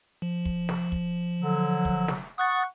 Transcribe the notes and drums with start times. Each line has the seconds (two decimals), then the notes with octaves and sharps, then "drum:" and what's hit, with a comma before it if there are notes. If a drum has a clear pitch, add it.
0.22 F3
0.45 drum: kick
0.69 drum: snare
0.92 drum: kick
1.40 D3 F#3
1.85 drum: kick
2.08 drum: snare
2.38 F#5 C#6 D#6 F#6 A6